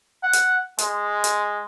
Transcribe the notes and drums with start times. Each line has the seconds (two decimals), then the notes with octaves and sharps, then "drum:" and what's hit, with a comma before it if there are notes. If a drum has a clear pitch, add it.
0.23 F#5
0.33 drum: hi-hat
0.79 G#3, drum: hi-hat
1.24 drum: hi-hat